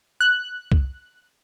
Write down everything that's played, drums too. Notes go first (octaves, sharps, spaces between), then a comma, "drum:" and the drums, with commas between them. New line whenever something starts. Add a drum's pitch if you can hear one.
F#6
drum: kick C2